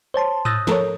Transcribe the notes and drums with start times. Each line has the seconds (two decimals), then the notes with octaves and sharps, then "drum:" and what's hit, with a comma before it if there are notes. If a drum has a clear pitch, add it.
0.14 C5 C#5 A5 C6
0.45 D#6 E6 F#6 G6 A6 A#6, drum: tom G#2
0.67 F3 A4 A#4 C#5, drum: snare